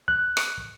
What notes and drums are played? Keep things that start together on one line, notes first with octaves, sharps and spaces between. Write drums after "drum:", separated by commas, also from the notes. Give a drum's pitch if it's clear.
F#6
drum: rim click